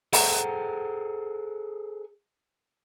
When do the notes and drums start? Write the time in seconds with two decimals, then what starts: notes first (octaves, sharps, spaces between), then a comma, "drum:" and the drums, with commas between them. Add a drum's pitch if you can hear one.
0.13 G#4 A4 C5 F#5 G5 A#5, drum: open hi-hat